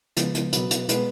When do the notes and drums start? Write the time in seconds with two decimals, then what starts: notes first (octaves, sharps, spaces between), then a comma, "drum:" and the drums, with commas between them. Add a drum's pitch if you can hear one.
0.17 C#3 F3 G#3 B3, drum: hi-hat
0.35 drum: hi-hat
0.53 B2 F#3 B3 B4, drum: hi-hat
0.71 drum: hi-hat
0.89 B2 G#3 B3 B4, drum: hi-hat